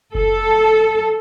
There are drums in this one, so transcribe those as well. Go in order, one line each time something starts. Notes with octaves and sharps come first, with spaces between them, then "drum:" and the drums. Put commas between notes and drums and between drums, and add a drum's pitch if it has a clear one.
A4, drum: kick F#1